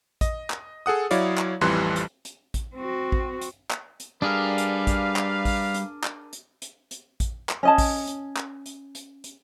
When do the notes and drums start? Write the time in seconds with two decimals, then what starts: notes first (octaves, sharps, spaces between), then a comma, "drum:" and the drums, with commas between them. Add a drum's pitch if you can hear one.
0.21 D#5, drum: kick A1, hi-hat
0.50 drum: clap
0.86 G#4 A4 F#5 D#6
1.11 F#3 E4 C#5 D5 F5, drum: hi-hat
1.38 drum: clap
1.61 A1 F2 E3 G3 C6 F#6
1.96 drum: hi-hat
2.25 drum: hi-hat
2.54 drum: kick A1, hi-hat
2.76 C4 F#4
3.12 drum: kick A1
3.41 drum: hi-hat
3.71 drum: clap
4.00 drum: hi-hat
4.22 G3 D4 G#4 A#4 B4 D5 F5
4.58 drum: hi-hat
4.87 drum: kick A1, hi-hat
5.16 drum: clap
5.45 drum: kick A1, open hi-hat
5.74 drum: hi-hat
6.04 drum: clap
6.33 drum: hi-hat
6.62 drum: hi-hat
6.91 drum: hi-hat
7.20 drum: kick A1, hi-hat
7.49 drum: clap
7.63 C#4 D#5 A5
7.78 drum: kick A1, open hi-hat
8.07 drum: hi-hat
8.37 drum: clap
8.66 drum: hi-hat
8.95 drum: hi-hat
9.24 drum: hi-hat